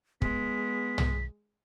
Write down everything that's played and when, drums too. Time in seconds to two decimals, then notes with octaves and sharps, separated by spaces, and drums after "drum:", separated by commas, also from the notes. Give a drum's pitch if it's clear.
0.22 G#3 B3 B6, drum: kick
0.98 drum: tom